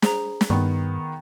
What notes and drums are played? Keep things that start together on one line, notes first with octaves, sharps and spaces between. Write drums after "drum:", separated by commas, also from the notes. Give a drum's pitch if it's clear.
G#4 C5 A#5, drum: snare
drum: snare
G2 D#3 B3